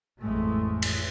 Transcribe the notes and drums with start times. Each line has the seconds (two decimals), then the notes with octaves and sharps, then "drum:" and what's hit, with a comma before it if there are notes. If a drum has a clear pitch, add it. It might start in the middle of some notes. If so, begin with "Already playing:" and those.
0.23 A1 F2 G#3 A3
0.82 drum: cymbal